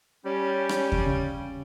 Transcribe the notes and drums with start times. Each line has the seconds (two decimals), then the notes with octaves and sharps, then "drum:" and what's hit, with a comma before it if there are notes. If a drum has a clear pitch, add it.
0.24 G3 C#4
0.69 drum: rim click
0.92 drum: kick D#2
1.06 C#3